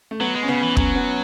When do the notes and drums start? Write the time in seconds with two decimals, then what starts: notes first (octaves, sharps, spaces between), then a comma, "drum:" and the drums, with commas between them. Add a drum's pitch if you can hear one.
0.11 A3
0.20 F#3 B3
0.35 G#3
0.43 C#4
0.48 C#3 B3
0.62 E3
0.77 F#3 C#4, drum: kick
0.95 B3